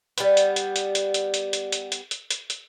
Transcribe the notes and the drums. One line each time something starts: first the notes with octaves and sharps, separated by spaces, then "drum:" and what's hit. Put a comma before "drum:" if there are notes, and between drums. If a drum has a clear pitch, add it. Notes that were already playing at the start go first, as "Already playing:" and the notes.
G3 B3, drum: hi-hat
drum: hi-hat
drum: hi-hat
drum: hi-hat
drum: hi-hat
drum: hi-hat
drum: hi-hat
drum: hi-hat
drum: hi-hat
drum: hi-hat
drum: hi-hat
drum: hi-hat
drum: hi-hat